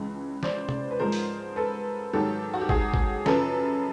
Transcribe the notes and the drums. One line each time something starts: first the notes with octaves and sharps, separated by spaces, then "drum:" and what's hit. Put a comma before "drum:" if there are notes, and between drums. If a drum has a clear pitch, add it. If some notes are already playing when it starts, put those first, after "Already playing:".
Already playing: C#2 C#3 E3 G#3
C5 D5, drum: snare
drum: tom C3
B4
G#2 F3 G#3 A#4 C5
drum: open hi-hat
A4 B4
G#2 D#3 F#3 G4 A4
F#4
G4
F#4 G#4, drum: kick G#1
drum: kick G#1
F#2 C#3 F3 A4 B4, drum: snare